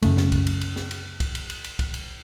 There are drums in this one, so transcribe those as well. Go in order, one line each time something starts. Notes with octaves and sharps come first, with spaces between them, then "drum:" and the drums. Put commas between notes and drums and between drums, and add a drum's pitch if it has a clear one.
F#2 C#3 A3, drum: cymbal
drum: snare
drum: kick, cymbal
drum: cymbal
drum: cymbal
drum: snare
drum: cymbal
drum: kick, cymbal
drum: cymbal
drum: cymbal
drum: cymbal
drum: kick, cymbal
drum: cymbal